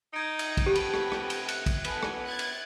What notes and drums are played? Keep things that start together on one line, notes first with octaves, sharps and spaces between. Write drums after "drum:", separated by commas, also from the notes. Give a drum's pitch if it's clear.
D#4 G6 G#6 D7
drum: cymbal
drum: kick, cymbal
C3 A3 B3 G4 G5 A5 B5 D#7
drum: cymbal
drum: rim click
drum: rim click
drum: cymbal
F#6 C#7, drum: cymbal
drum: kick, cymbal
B3 A4 B4 G#5, drum: cymbal
drum: rim click
F#6 G#6 A6
drum: cymbal